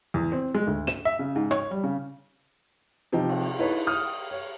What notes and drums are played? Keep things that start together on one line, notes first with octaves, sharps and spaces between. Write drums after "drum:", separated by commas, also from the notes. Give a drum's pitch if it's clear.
E2
C4
G#3
D2
E7, drum: snare
E5
C#3
G#2
C#5, drum: rim click
G3
C#3
C3 F3 D#4 G4
drum: cymbal
D#4 E4 A4 B4 C#5
D#6 F6
C#5